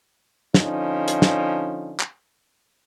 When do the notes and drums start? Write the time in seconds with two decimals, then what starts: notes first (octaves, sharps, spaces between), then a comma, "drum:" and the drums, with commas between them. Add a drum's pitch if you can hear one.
0.54 D3 F3 C#4 D#4, drum: snare
1.08 drum: hi-hat
1.22 drum: snare
2.00 drum: clap